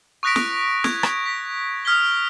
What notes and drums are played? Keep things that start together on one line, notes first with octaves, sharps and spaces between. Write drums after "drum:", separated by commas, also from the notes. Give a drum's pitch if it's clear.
C#6 D#6 F#6 A#6 B6 D7
drum: snare
G#6, drum: snare
drum: rim click
B6
D#6 F6 G#6 B6 G7